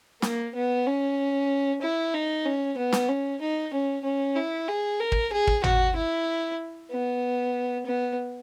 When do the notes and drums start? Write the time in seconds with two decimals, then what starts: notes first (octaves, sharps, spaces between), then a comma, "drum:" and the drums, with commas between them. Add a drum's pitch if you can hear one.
0.22 A#3, drum: snare
0.55 B3
0.87 C#4
1.82 E4
2.14 D#4
2.45 C#4
2.78 B3
2.93 drum: snare
3.09 C#4
3.41 D#4
3.73 C#4
4.04 C#4
4.36 E4
4.68 G#4
5.00 A#4
5.12 drum: kick
5.32 G#4
5.47 drum: kick
5.64 F#4, drum: tom
5.96 E4
6.91 B3
7.86 B3